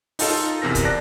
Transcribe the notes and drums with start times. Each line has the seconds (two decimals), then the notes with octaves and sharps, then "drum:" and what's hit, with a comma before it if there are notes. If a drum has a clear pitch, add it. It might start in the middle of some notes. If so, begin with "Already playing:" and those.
0.19 D#4 F4 A4, drum: open hi-hat
0.62 E2 C3 A#4 A#6
0.75 drum: kick, hi-hat
0.85 D5 A5 F#6 A#6